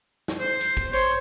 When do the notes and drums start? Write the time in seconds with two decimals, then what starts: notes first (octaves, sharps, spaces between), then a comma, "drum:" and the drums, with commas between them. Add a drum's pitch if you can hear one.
0.28 drum: snare
0.40 C5
0.61 drum: hi-hat
0.77 drum: kick
0.93 C5 C#5, drum: hi-hat